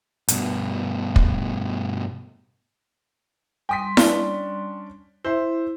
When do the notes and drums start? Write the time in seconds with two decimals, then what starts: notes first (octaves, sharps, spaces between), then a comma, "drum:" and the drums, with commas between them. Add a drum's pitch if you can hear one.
0.28 G2 B2, drum: hi-hat
1.16 drum: kick
3.69 G3 G5 C6 D#6 B6
3.97 C#4 D4 G7, drum: snare E4
5.25 E4 C5 E5 C6